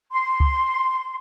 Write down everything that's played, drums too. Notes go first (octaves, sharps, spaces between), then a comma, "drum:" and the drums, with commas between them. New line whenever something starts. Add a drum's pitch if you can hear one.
C6
drum: kick C#2